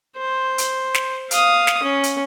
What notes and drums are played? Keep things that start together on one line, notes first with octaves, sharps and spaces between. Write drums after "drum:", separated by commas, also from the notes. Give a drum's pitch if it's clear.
C5
drum: hi-hat
drum: snare
F5 D#6, drum: hi-hat
drum: snare
C#4
drum: hi-hat